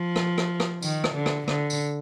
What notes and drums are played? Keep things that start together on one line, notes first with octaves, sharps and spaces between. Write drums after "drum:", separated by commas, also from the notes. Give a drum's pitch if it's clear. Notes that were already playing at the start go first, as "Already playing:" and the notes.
Already playing: F3
drum: rim click
drum: rim click
drum: rim click
D#3, drum: tambourine
drum: rim click
D3
drum: rim click
D3, drum: rim click
drum: tambourine